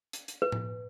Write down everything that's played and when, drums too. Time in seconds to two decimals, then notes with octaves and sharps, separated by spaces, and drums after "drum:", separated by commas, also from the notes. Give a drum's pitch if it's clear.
0.13 drum: hi-hat
0.28 drum: hi-hat
0.42 B4
0.52 drum: tom A2